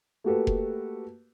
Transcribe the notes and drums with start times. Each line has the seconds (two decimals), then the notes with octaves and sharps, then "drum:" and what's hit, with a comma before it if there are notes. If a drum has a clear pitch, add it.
0.24 A3 A#3 F#4 G4 A4 B4
0.47 drum: kick F1